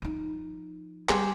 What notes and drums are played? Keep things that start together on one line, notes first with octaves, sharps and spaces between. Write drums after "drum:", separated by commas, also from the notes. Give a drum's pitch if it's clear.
F3 D#4
G3 G4 G#4 C5, drum: clap